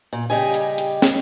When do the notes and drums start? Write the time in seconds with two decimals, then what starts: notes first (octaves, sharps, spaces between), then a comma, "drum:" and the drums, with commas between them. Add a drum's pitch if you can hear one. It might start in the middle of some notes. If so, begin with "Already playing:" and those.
0.13 A#2
0.30 C#3 G3 G4 D#5 G#5
0.54 drum: hi-hat
0.78 drum: hi-hat
1.02 drum: snare